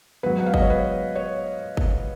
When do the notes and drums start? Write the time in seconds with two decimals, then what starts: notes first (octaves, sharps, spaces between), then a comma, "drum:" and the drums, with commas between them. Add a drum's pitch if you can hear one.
0.23 G#2 F#3 B3 B4
0.39 F#5
0.46 F5
0.54 D#5, drum: kick
0.62 C#5
0.70 B4
1.16 C#5
1.77 drum: kick